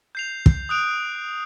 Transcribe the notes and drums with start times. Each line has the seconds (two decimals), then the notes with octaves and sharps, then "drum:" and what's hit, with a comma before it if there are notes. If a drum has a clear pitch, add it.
0.15 G6 C7 F7
0.46 drum: kick
0.69 D#6 F#6 D7 F7